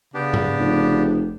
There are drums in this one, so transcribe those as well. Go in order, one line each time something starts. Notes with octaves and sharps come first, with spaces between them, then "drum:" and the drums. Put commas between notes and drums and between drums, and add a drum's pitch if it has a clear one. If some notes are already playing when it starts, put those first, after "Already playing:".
C#3 B3 D4 G4
drum: tom G#2
F1